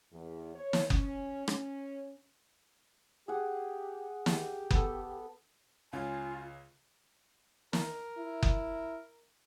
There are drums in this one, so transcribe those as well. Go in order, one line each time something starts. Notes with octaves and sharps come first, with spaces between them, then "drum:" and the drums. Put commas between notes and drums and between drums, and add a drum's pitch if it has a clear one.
E2
C#5
drum: snare
C#4, drum: kick F#1
C#4, drum: rim click
G4 G#4 F#5
G4, drum: snare
B3 A4, drum: kick F#1
C#2 C#4 F4 G#5
A#4, drum: snare
E4
drum: kick F#1